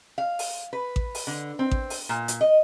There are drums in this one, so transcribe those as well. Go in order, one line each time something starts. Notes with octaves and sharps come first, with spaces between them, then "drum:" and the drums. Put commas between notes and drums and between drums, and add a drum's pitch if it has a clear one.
F5
drum: open hi-hat
B4
drum: kick A1
drum: open hi-hat
D3
C4
drum: kick A1
drum: open hi-hat
A#2
drum: hi-hat
D#5